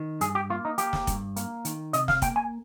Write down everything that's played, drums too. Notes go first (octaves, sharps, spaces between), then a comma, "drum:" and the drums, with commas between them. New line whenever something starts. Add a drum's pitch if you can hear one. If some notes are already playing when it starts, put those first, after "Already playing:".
Already playing: D#3
G2 G#4, drum: hi-hat
G4
A#3 F4
D#4
A#3 G4, drum: hi-hat
drum: snare
G2, drum: kick F1, hi-hat
A#3, drum: hi-hat
D#3, drum: hi-hat
C3 D#5, drum: hi-hat
F5, drum: snare
A#3 G5, drum: kick F1, hi-hat
G#5